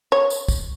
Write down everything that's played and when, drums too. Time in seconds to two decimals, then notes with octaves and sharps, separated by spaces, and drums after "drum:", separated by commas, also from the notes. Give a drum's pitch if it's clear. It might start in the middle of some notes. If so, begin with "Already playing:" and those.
0.12 C#5
0.30 drum: tambourine
0.48 drum: kick, tambourine